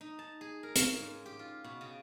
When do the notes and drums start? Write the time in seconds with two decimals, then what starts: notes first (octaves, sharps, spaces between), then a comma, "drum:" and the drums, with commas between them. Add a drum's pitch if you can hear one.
0.01 D#4
0.19 A5
0.41 G#4
0.63 A#4
0.76 C#3, drum: hi-hat
0.98 G#2
1.26 G4
1.39 F4
1.64 B2
1.81 C#3